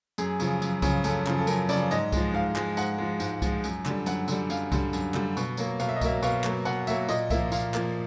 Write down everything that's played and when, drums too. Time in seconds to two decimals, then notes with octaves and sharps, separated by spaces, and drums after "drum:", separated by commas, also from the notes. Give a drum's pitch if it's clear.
0.18 F#2 G#4, drum: tambourine
0.40 C#3 F3, drum: tambourine
0.62 F#2, drum: tambourine
0.82 C#3 F3, drum: kick C2, tambourine
1.04 F#2 A4, drum: tambourine
1.26 C#3 F3, drum: clap
1.39 A4
1.47 F#2 A#4, drum: tambourine
1.69 C#3 D5, drum: tambourine
1.74 F3
1.91 G#2 D#5, drum: tambourine
2.12 F3 G#3, drum: kick C2, tambourine
2.33 G#2 F5
2.56 F3 G#3, drum: clap
2.77 G#2 F#5, drum: tambourine
2.98 F3 G#3
3.20 G#2, drum: tambourine
3.42 F3 G#3, drum: kick C2, tambourine
3.64 F#2, drum: tambourine
3.86 D3 G3, drum: clap
4.06 F#2 F#5, drum: tambourine
4.28 D3 G3, drum: tambourine
4.50 F#2 F5, drum: tambourine
4.72 D3 G3, drum: kick C2, tambourine
4.93 F#2, drum: tambourine
5.14 D3 G3, drum: clap
5.37 B2, drum: tambourine
5.57 F#3 A#3, drum: tambourine
5.80 B2 F5, drum: tambourine
5.89 E5
5.96 D#5
6.01 F#3 A#3 E5, drum: kick C2, tambourine
6.23 B2 F5, drum: tambourine
6.44 F#3 A#3, drum: clap
6.65 B2 F#5, drum: tambourine
6.87 F#3 A#3 E5, drum: tambourine
7.09 A#2 D#5, drum: tambourine
7.30 F3 A#3 E5, drum: kick C2, tambourine
7.52 A#2 F5, drum: tambourine
7.74 F3 A#3, drum: clap